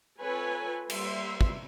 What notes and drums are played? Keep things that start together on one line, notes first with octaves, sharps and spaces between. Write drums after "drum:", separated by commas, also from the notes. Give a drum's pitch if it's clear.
C4 F4 A4 B4 C#5 G#5
G3 A#3 B4 E5 C6, drum: cymbal
drum: kick